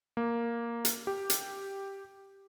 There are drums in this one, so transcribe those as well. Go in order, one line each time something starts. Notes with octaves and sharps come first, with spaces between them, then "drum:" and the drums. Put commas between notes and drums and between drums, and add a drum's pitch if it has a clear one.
A#3
drum: hi-hat
G4
drum: hi-hat